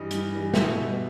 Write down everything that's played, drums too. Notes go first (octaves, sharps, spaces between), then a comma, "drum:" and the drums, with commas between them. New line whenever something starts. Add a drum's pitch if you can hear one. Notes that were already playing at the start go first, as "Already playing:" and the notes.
Already playing: G2 E3 G3 D#5
G2, drum: hi-hat
E3 G3
B2 E5, drum: snare
G3 B3 D#4